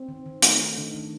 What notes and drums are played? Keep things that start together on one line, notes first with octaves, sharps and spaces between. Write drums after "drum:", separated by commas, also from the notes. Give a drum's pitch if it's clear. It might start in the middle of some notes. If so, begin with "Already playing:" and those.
Already playing: C4
D#3
D#3
A3 D#4, drum: hi-hat
A3
D#3 D4
D#3